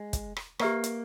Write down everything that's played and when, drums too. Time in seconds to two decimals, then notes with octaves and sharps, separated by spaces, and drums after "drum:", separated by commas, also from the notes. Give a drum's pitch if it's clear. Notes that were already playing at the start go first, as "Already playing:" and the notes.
Already playing: G#3
0.13 drum: kick, hi-hat
0.36 drum: rim click
0.59 A#3 G4 B4 E5 A#5 C#6, drum: rim click
0.84 drum: hi-hat